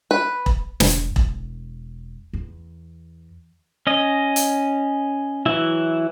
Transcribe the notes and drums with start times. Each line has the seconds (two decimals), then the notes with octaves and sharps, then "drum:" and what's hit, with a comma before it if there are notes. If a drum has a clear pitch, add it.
0.11 B4
0.46 drum: kick E1
0.80 E1, drum: snare
1.16 E1, drum: kick E1
2.33 E2
3.87 C#4 D#5
4.36 drum: hi-hat
5.46 E3 F#3 E4